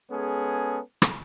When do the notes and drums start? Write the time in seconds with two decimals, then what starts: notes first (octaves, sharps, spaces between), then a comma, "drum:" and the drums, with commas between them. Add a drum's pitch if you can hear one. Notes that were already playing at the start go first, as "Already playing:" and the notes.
0.11 G#3 B3 C#4 G#4 A4
1.02 drum: rim click